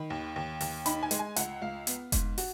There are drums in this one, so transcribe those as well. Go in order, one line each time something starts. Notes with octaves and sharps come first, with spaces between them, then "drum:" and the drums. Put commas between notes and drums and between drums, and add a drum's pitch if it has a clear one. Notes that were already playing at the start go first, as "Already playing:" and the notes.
Already playing: D#3 B5
D#2
D#2
D#2, drum: open hi-hat
D#4 B5, drum: hi-hat
G#5
G#3, drum: hi-hat
G#5
C#2 F#5, drum: hi-hat
C#2 F5
B3, drum: hi-hat
G#2, drum: kick F1, hi-hat
F#4, drum: open hi-hat